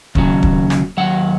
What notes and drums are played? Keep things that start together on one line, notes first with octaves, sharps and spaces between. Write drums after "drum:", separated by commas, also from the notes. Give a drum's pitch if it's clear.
D#2 C#3 F#3, drum: kick
drum: kick
drum: snare
D#2 C#3 F#3 F#5